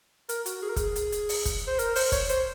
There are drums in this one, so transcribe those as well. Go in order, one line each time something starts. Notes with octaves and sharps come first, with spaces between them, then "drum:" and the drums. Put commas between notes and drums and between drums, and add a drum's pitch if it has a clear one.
A#4, drum: hi-hat
F#4, drum: hi-hat
G#4
A#4
G#4, drum: kick, hi-hat
drum: hi-hat
drum: hi-hat
drum: open hi-hat
drum: kick, hi-hat
C5
A#4, drum: hi-hat
C5, drum: open hi-hat
C#5, drum: kick, hi-hat
C5, drum: hi-hat